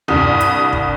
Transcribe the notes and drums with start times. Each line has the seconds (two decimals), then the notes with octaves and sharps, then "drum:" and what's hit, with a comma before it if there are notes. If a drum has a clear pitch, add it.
0.08 C2 G2 D#6, drum: tom D2
0.41 drum: hi-hat
0.73 drum: kick